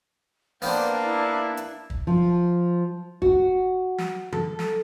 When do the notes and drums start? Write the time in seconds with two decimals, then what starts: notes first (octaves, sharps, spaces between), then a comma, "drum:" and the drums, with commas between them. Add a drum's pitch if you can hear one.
0.62 A#3 B3 D4 B4 C5 G5, drum: open hi-hat
1.04 E4
1.57 drum: hi-hat
1.90 drum: kick
2.07 F3
3.22 F#4, drum: kick
3.98 drum: snare
4.32 A4, drum: tom E3
4.59 drum: snare